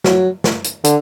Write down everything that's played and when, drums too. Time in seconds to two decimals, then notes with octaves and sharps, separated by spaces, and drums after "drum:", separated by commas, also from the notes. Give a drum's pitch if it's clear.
0.04 F#3, drum: snare
0.44 drum: snare
0.64 drum: hi-hat
0.84 D3, drum: hi-hat